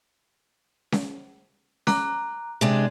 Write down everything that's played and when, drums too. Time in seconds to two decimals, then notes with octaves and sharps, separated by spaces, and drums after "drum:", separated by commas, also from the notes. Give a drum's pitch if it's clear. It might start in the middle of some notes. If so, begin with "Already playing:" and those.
0.92 drum: snare C#4
1.87 A#5 D6 F#6, drum: snare C#4
2.61 C3 G#3 D4